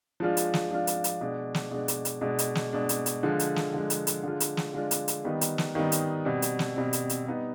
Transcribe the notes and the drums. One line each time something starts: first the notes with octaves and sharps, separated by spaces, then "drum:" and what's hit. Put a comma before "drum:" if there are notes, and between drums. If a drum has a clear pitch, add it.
F3 G#3 D4 F4
drum: hi-hat
drum: snare
F3 G#3 D4 F4
drum: hi-hat
drum: hi-hat
B2 G#3 D4
drum: snare
B2 G#3 D4
drum: hi-hat
drum: hi-hat
B2 G#3 D4
drum: hi-hat
drum: snare
B2 G#3 D4
drum: hi-hat
drum: hi-hat
D3 F3 G#3
drum: hi-hat
drum: snare
D3 F3 G#3
drum: hi-hat
drum: hi-hat
D3 G#3 D4 F4
drum: hi-hat
drum: snare
D3 G#3 D4 F4
drum: hi-hat
drum: hi-hat
D#3 G3 B3 D#4
drum: hi-hat
drum: snare
D#3 G3 B3 D#4
drum: hi-hat
B2 G3 C4
drum: hi-hat
drum: snare
B2 G3 C4
drum: hi-hat
drum: hi-hat
G3 B3 D#4